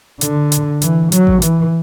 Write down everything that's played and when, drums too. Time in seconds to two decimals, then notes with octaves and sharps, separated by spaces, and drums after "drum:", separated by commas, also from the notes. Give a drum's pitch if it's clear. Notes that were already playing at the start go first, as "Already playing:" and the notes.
0.21 D3, drum: hi-hat
0.52 drum: hi-hat
0.82 E3, drum: hi-hat
1.12 F#3, drum: hi-hat
1.27 drum: kick A1
1.42 E3, drum: hi-hat